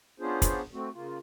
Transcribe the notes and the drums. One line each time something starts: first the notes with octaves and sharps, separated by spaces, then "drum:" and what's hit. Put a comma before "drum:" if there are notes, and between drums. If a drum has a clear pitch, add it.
B3 C#4 D4 F4 G#4 C5
drum: kick, hi-hat
A3 C4 F#4
C#3 A#3 F4